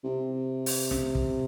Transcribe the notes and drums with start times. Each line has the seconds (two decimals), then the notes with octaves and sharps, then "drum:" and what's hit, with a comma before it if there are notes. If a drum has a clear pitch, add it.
0.04 C3
0.66 drum: open hi-hat
0.91 drum: snare
1.15 drum: kick